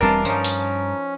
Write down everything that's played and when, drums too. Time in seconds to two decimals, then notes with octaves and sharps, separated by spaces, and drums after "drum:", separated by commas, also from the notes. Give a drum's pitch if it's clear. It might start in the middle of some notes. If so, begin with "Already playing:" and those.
0.01 E1 E3 G3 C4 D4 F4 A#4 A5
0.25 G2 F3 C#4 D#4, drum: tambourine
0.44 drum: open hi-hat